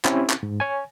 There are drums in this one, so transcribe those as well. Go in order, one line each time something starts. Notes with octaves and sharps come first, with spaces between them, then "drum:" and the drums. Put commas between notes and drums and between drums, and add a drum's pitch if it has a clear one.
C4 C#4 E4 G4, drum: clap
drum: clap
G#2
C#5 G#5